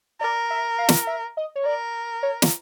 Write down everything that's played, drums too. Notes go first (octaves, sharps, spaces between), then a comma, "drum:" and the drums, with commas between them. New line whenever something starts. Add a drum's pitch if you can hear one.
A#4 D5
E5
F5
drum: snare
E5
D#5
C#5
A#4 D5
C#5
drum: snare